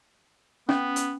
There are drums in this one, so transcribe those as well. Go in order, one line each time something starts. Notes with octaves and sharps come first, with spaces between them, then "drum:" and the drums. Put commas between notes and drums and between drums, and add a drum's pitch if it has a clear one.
B3 C#4, drum: rim click
drum: hi-hat